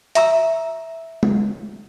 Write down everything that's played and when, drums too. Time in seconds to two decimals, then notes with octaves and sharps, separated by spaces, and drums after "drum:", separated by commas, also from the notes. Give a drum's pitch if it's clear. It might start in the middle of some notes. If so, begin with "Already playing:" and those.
0.15 E5 A#5 E6, drum: hi-hat
1.23 drum: tom G#3